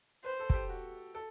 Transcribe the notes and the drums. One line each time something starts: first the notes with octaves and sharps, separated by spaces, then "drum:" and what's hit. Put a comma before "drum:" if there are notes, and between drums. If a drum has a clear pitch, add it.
B4 C5
A4
A4, drum: kick
G4
F#4
A4